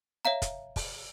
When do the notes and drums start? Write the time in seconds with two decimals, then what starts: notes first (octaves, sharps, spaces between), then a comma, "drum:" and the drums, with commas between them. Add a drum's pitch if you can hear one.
0.25 C#5 E5 F5 A#5
0.42 drum: kick, hi-hat
0.76 drum: kick, open hi-hat